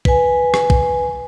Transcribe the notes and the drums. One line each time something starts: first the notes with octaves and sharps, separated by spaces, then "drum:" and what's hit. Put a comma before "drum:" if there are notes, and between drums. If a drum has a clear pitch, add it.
B4 G#5, drum: kick
drum: rim click
drum: kick